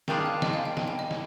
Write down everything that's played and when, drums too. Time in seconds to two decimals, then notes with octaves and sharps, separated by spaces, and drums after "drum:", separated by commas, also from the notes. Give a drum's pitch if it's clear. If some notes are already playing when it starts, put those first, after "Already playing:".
0.08 D#3 G3 D4 F4 G#4 G5, drum: snare
0.26 F5
0.42 D#5, drum: snare
0.53 F5
0.65 G5
0.77 G#5, drum: snare
0.88 G5
0.99 D#5
1.11 drum: snare